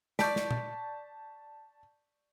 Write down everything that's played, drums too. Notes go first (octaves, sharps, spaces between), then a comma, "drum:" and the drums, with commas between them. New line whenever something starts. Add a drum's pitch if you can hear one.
D5 A5 C#6 G6 B6, drum: snare
drum: snare
drum: tom A#2